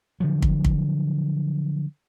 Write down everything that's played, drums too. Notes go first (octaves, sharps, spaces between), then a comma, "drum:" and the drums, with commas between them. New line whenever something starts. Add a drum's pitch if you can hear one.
D3 F3 F#3
drum: kick
drum: kick